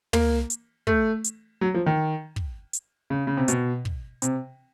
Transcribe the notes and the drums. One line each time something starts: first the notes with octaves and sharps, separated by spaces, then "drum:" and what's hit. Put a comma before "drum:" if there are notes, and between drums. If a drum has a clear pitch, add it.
A#3, drum: tom
drum: hi-hat
A3, drum: kick
drum: hi-hat
F#3
F3
D#3
drum: kick
drum: hi-hat
C#3
C#3
C3
B2, drum: hi-hat
drum: kick
C3, drum: hi-hat